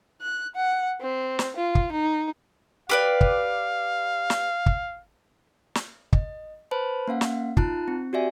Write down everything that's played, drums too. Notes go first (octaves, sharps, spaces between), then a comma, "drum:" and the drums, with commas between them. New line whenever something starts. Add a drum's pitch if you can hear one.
F#6
F#5
C4
drum: snare
F4
drum: kick
D#4
G4 B4 D5 F5
drum: kick
drum: snare
drum: kick
drum: snare
D#5, drum: kick
B4 C5 A5 B5
A#3 C#4 F5 F#5
drum: snare
D#4 F4 A5 A#5 F#6, drum: kick
C4
F#4 G4 D5 E5 G#5